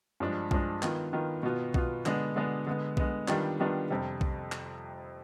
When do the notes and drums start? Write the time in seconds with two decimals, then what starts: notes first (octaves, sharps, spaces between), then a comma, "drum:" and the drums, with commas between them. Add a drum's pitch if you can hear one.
0.20 G2 F3 G#3 D4
0.51 G2 F3 G#3 D4, drum: kick B1
0.82 D#3 B3 F4, drum: clap
1.13 D#3 B3 F4
1.43 B2 B3 F4
1.74 B2 B3 F4, drum: kick B1
2.06 D3 G#3 B3 D4, drum: clap
2.36 D3 G#3 B3 D4
2.67 D3 G#3 B3
2.97 D3 G#3 B3, drum: kick B1
3.28 D#3 G3 B3 D4 F4, drum: clap
3.60 D#3 G3 B3 D4 F4
3.90 F2 C3 G3
4.21 drum: kick B1
4.52 drum: clap